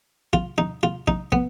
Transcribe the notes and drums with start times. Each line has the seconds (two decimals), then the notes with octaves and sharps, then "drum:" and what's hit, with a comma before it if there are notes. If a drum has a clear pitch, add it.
0.33 F4, drum: kick
0.58 D#4
0.83 F4
1.08 D#4, drum: kick
1.32 B3, drum: kick